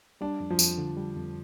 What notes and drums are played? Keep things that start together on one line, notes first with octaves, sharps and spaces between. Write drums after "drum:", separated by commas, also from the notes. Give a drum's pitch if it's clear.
G3 D4
F2
F3
F2, drum: tambourine
D3
G3
F2